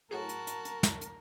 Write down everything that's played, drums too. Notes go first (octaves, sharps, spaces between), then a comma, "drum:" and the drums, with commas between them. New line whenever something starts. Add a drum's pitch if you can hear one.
A2 F#3 F#4 G#4 A#4 A5
drum: hi-hat
drum: hi-hat
drum: hi-hat
drum: snare
drum: hi-hat